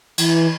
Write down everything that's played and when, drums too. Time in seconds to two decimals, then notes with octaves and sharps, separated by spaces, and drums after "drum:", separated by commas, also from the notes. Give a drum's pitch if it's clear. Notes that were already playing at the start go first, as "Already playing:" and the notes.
0.18 E3, drum: cymbal